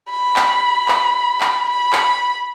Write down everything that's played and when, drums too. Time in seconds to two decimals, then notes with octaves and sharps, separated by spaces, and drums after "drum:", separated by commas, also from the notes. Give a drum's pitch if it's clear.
0.10 B5
0.36 drum: clap
0.88 drum: clap
1.40 drum: clap
1.69 B5
1.93 drum: clap